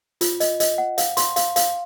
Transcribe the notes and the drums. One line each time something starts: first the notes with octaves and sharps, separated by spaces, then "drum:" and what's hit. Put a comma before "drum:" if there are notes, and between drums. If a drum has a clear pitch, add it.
F4, drum: hi-hat
D#5, drum: hi-hat
D#5, drum: hi-hat
F#5
F5, drum: hi-hat
C6, drum: hi-hat
F5, drum: hi-hat
F5, drum: hi-hat